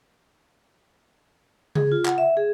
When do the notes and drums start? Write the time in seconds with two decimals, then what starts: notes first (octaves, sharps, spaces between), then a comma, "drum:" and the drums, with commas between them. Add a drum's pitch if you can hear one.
1.75 G#4, drum: tom C#3
1.92 F4
2.05 F#5, drum: clap
2.18 E5
2.37 G#4